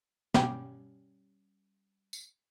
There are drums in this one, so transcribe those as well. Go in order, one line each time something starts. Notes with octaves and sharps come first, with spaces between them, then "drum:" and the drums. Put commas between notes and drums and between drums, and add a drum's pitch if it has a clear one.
G3 C#4 G4, drum: snare
drum: tambourine